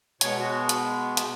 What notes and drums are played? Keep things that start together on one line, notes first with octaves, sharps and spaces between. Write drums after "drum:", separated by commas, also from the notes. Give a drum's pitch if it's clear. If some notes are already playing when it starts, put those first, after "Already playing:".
B2 G#3 B3 C#5, drum: hi-hat
F#4
drum: hi-hat
drum: hi-hat